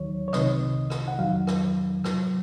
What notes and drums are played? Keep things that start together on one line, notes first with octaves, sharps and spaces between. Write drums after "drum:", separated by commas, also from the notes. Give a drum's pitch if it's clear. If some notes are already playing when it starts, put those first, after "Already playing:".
Already playing: D#2 D#3 F#3 C#5
C#5
C2 C3 D#3 D#5, drum: rim click
drum: rim click
F#5
F2 D#3 F#3 F5
drum: rim click
G#2 F#3, drum: rim click